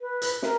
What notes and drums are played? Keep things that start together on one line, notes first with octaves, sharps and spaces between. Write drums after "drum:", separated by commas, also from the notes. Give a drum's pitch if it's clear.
B4
drum: hi-hat
A#4, drum: snare